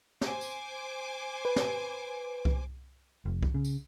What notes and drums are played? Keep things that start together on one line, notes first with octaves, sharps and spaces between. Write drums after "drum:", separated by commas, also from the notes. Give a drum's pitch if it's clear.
C5 G#5 D6, drum: snare
drum: tambourine
B4
drum: snare
drum: kick C2
F1
drum: kick C2
C#3
drum: tambourine